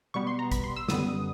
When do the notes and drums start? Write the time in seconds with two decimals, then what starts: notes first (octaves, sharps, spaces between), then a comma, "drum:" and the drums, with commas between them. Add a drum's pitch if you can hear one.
0.14 B2 G3 B3 C#6
0.27 C6
0.39 A#5
0.52 B5, drum: kick A1, hi-hat
0.64 C6
0.76 E6
0.88 F#2 D3 G3 B3 D#6, drum: snare